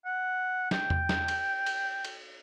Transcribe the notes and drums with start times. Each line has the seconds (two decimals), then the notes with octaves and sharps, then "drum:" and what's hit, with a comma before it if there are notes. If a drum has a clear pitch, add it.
0.05 F#5
0.71 G5, drum: snare
0.90 drum: tom E2
1.09 drum: snare
1.28 drum: cymbal
1.66 drum: cymbal
2.05 drum: cymbal